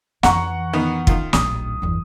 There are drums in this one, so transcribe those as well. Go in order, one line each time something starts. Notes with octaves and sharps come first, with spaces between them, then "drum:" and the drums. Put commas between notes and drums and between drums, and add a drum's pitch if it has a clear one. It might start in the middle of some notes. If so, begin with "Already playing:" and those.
F2 E3 F#5 A#5 C#6, drum: snare
D#3 B3
D#3 F4, drum: kick
D1 A#1 D#6, drum: snare
G1 E2